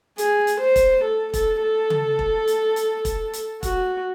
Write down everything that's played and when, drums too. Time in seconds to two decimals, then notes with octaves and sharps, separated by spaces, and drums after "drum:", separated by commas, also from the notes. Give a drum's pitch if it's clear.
0.18 G#4, drum: hi-hat
0.47 drum: hi-hat
0.61 C5
0.76 drum: kick E1, hi-hat
1.05 A4
1.34 A4, drum: kick E1, hi-hat
1.62 A4
1.90 drum: tom C#3
2.19 drum: kick E1
2.48 drum: hi-hat
2.76 drum: hi-hat
3.05 drum: kick E1, hi-hat
3.33 drum: hi-hat
3.63 F#4, drum: kick E1, hi-hat